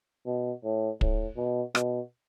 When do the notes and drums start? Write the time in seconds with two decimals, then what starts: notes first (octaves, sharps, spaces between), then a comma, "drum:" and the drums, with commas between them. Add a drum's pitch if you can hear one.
0.26 B2
0.64 A2
1.01 A2, drum: kick
1.37 B2
1.75 B2, drum: rim click